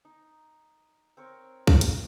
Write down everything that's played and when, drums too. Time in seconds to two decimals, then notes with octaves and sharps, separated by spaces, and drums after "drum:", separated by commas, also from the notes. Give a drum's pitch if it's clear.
0.05 D#4
1.17 C4 A#4 C#5
1.67 G5 B5 C#6, drum: kick C2
1.81 drum: hi-hat